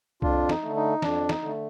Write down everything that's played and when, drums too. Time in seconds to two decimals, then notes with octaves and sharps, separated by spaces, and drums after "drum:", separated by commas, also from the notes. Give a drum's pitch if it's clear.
0.22 F2 D4 F4, drum: kick C2
0.49 D#4, drum: snare
0.62 D3 A3
0.76 D#4
1.02 F2 D4, drum: snare
1.29 D#4, drum: snare
1.42 D3 A3